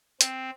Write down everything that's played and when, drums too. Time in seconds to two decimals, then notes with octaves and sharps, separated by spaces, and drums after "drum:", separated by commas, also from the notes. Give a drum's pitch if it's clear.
0.21 C4, drum: hi-hat